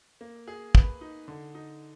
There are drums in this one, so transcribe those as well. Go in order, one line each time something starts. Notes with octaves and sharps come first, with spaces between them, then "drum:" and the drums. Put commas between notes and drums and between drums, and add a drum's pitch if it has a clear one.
A#3
G#4
B4, drum: kick
D#4
D3
D#4